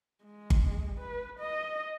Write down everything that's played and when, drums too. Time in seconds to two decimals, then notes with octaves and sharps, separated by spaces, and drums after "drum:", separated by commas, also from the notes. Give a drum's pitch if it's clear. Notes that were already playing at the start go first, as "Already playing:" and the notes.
0.24 G#3
0.50 drum: kick G1
1.00 B4
1.40 D#5